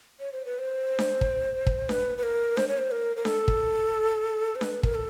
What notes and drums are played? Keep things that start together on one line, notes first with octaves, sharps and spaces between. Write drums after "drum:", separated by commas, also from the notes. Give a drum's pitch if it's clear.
C#5
C5
B4
C5
drum: snare D4
drum: kick
drum: kick
B4, drum: snare D4
B4
A#4
C5, drum: snare D4
C#5
C5
A#4
A#4
A4, drum: snare D4
drum: kick
C5
B4, drum: snare D4
A#4, drum: kick
A4